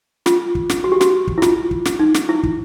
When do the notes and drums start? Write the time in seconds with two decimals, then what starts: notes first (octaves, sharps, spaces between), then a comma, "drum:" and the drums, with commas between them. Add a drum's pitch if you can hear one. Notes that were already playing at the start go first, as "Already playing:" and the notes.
0.26 F4, drum: snare
0.55 drum: kick
0.69 drum: snare
0.84 F#4
0.92 G4
1.01 F#4, drum: snare
1.27 drum: kick
1.38 E4
1.42 F4, drum: snare
1.71 drum: kick
1.85 drum: snare
1.99 D#4
2.14 drum: snare
2.29 E4
2.43 drum: kick